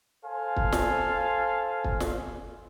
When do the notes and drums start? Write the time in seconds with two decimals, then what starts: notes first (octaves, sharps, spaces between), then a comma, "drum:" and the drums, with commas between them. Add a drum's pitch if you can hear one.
0.24 A4 C5 F5 G#5
0.56 drum: kick
0.72 drum: snare
1.84 drum: kick
2.00 drum: snare